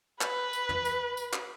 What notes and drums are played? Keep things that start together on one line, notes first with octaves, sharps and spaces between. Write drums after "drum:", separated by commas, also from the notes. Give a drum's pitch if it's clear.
B4, drum: clap
drum: tambourine
drum: tom
drum: tambourine
drum: tambourine
drum: clap